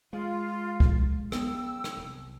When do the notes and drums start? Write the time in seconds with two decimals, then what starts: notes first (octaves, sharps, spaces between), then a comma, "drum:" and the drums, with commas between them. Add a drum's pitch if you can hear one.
0.13 G#3 F4
0.80 drum: kick C#2
1.32 C#3 B3 G5 E6, drum: rim click
1.84 drum: rim click
1.97 C2 C3